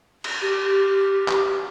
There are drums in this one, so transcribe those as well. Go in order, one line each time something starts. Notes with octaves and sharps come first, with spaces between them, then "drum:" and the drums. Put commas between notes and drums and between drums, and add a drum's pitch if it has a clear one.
drum: cymbal
G4
drum: clap